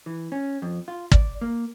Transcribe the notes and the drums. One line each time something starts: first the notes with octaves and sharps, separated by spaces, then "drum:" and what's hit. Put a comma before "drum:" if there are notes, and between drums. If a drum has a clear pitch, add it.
E3
C#4
F2
F4
D5, drum: kick
A#3